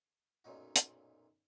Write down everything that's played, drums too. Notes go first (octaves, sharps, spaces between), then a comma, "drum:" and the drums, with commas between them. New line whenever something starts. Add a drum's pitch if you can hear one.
B1 F#2 A#2 D#4 F#4
drum: hi-hat